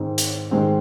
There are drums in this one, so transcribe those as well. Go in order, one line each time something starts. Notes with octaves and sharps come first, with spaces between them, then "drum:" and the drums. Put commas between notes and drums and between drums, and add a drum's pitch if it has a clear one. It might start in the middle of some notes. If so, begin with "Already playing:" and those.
Already playing: G#2 D#3 G#3 C4
drum: hi-hat
G#2 D#3 G#3 C4